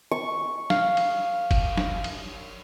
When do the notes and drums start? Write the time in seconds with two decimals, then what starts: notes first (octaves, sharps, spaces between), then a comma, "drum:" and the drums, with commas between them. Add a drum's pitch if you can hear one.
0.11 C#6
0.70 F5, drum: snare
0.97 drum: cymbal
1.51 drum: kick, cymbal
1.77 drum: snare
2.04 drum: cymbal